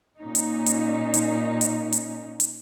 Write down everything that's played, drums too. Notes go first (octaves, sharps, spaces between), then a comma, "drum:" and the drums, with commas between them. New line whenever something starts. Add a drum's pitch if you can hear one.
A#2 C#4 D#4
drum: hi-hat
drum: hi-hat
drum: hi-hat
drum: hi-hat
drum: hi-hat
drum: hi-hat